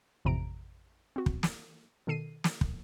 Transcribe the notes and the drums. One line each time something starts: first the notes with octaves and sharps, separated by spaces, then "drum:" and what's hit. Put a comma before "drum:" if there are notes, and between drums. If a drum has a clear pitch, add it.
A1 F2 C3 A#5 D7
C4 F#4
drum: kick
drum: snare
B2 D#3 A4 C7 D#7
drum: snare
drum: kick